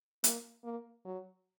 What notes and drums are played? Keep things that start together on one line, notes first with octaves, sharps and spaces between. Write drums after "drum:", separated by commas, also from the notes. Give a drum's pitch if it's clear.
A#3, drum: hi-hat
A#3
F#3